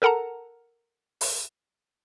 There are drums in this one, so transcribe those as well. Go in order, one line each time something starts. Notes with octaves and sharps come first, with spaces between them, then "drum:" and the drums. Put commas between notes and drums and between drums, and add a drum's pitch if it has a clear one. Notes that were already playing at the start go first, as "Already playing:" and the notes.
A4 A#4 F#5 A5 A#5
drum: open hi-hat